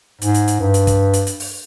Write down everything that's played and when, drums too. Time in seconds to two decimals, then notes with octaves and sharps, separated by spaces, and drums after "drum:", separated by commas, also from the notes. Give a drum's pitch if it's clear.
0.22 G#2, drum: hi-hat
0.34 drum: hi-hat
0.48 drum: hi-hat
0.60 G2
0.74 drum: hi-hat
0.87 drum: kick, hi-hat
1.13 drum: hi-hat
1.27 drum: hi-hat
1.40 drum: open hi-hat